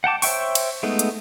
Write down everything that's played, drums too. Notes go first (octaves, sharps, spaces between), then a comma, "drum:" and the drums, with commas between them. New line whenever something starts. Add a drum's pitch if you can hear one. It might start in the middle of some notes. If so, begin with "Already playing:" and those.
F#5 G5 A5 D6
C5 C#5 E5 G5 C#6, drum: open hi-hat
drum: cymbal
G#3 A3 B3 D#4
drum: hi-hat